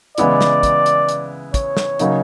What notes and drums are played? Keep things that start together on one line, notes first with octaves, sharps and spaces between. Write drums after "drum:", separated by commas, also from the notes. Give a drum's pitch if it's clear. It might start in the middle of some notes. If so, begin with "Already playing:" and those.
C#3 E3 G#3 B3 E4 D5, drum: hi-hat
drum: snare
drum: kick, hi-hat
drum: hi-hat
drum: hi-hat
C#5, drum: kick, hi-hat
drum: snare
C#3 F#3 A#3 D#4, drum: hi-hat